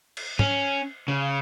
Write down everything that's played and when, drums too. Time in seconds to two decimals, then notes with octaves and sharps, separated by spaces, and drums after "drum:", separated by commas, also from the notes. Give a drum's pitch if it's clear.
0.17 drum: cymbal
0.39 C#4, drum: tom G#2
1.08 C#3